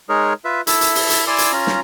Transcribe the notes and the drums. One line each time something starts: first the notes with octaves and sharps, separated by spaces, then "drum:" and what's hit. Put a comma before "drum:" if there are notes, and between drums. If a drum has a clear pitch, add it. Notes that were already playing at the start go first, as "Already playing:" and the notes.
G#3 D#4 G#4 A#4 C#5
F4 B4 E5
E4 A4 E5, drum: hi-hat
drum: hi-hat
drum: open hi-hat
drum: hi-hat
E4 D5 G#5 C6 D6 E6
drum: hi-hat
C#4 F4 A#5
drum: snare